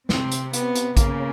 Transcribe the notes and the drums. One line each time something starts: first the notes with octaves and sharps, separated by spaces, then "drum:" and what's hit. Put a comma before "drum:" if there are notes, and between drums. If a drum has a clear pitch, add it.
C3 C4, drum: snare
drum: hi-hat
B3, drum: hi-hat
drum: hi-hat
C#3 A#3, drum: kick A#1, hi-hat